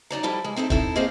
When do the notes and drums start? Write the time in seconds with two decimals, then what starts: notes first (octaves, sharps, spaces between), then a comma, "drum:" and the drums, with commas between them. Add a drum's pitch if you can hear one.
0.10 F#3 D#4 D5 A#5
0.23 F3 G3 E4 G4 A4 D#5
0.44 G#3
0.56 C4 D#4 E4 A4
0.70 C4 D#4 E4 A4, drum: kick
0.96 A#3 C4 G#4 C5 D#5 F5